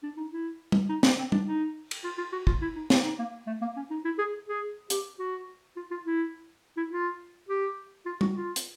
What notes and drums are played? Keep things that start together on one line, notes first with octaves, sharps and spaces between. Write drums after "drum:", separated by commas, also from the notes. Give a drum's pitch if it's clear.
D4
D#4
E4
drum: tom
D#4
D4, drum: snare
C4
D4, drum: tom
D#4
drum: cymbal
F4
F4
F#4
F4, drum: kick
E4
D#4
E4, drum: snare
D#4
A#3
A3
A#3
C#4
D#4
E4
G#4
G#4
G4, drum: hi-hat
F#4
F4
F4
E4
E4
F4
G4
F4
F#4, drum: tom
F4
drum: hi-hat